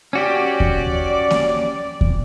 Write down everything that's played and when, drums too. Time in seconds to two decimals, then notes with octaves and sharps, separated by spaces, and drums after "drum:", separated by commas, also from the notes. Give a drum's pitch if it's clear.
0.13 C#4 F#4 G4 D5
0.60 drum: kick D#2
1.30 drum: snare A#3
2.01 drum: kick D#2